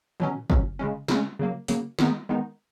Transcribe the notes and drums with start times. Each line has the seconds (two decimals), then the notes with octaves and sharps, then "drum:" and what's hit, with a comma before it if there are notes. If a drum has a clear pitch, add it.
0.20 B2 F#3 C#4, drum: tom
0.50 B2 F#3 C#4, drum: kick
0.79 C#3 G#3 C#4
1.08 C#3 G#3 C#4, drum: snare
1.39 C#3 F#3 A#3
1.68 C#3 F#3 A#3, drum: hi-hat
1.99 D#3 G#3 B3 D#4, drum: snare
2.29 D#3 G#3 B3 D#4